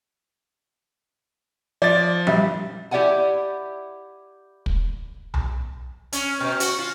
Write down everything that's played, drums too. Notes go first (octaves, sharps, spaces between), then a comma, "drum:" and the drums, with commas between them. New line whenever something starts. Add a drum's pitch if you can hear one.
F3 D5 A6
A#1 G3 E5, drum: tom F3
E4 G4 D5 E5 F#5 G#5
drum: kick
drum: tom B1
C#4, drum: hi-hat
B2
F#4, drum: hi-hat
F4